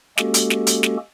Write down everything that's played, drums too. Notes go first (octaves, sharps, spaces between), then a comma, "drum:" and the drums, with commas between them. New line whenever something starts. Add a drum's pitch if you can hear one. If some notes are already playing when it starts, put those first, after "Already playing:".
G#3 A#3 C#4 F#4 G4 A4, drum: snare
drum: hi-hat
drum: snare
drum: hi-hat
drum: snare